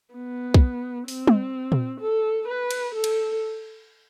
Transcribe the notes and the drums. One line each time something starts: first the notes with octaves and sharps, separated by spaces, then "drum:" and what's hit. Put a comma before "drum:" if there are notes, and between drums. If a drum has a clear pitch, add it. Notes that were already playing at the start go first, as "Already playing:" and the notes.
B3
drum: kick
C4, drum: open hi-hat
drum: tom
drum: tom A#2
A4
B4
drum: cymbal
A4
drum: cymbal